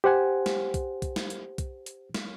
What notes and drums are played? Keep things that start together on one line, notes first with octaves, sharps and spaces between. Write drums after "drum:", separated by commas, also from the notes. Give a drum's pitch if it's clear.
G4 C5 F#5 G#5
drum: snare
drum: kick B1, hi-hat
drum: kick B1, hi-hat
drum: snare
drum: hi-hat
drum: kick B1, hi-hat
drum: hi-hat
drum: snare